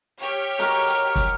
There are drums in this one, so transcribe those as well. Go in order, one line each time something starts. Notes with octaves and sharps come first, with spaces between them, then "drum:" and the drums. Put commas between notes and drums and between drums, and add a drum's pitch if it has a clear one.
G4 C#5 F6
F#4 A#4 D#5, drum: hi-hat
drum: hi-hat
drum: kick, hi-hat